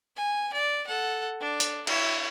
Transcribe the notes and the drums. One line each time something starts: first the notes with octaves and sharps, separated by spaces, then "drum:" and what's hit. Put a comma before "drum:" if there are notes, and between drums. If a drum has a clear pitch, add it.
G#5
D5
A4 F#5
D4
drum: hi-hat
E4 C#5, drum: cymbal